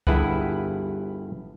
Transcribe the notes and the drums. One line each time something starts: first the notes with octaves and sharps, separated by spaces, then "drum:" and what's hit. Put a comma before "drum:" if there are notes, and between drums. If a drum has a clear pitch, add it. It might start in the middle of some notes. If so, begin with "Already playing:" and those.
G1 G2 E4 G#4 B4 F#5, drum: kick C#2